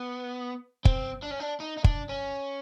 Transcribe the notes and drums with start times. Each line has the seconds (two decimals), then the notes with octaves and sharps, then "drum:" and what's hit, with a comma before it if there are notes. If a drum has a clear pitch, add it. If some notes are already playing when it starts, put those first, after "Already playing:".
Already playing: B3
0.85 C4, drum: kick
1.23 D4
1.31 C#4
1.40 D4
1.60 D#4
1.77 D#4
1.84 D4, drum: kick
2.09 C#4